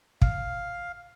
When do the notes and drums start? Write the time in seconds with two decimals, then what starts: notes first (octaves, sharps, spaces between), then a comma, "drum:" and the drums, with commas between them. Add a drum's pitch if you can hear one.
0.22 F5, drum: kick